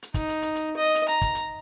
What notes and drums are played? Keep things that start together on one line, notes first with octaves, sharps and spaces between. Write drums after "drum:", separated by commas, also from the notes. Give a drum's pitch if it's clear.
drum: hi-hat
D#4, drum: kick, hi-hat
drum: hi-hat
drum: hi-hat
drum: hi-hat
D#5
drum: hi-hat
A#5, drum: hi-hat
drum: kick, hi-hat
drum: hi-hat